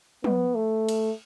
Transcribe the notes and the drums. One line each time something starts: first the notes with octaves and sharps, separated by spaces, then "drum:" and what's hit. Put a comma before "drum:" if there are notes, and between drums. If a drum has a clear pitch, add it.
B3, drum: tom
A3
drum: cymbal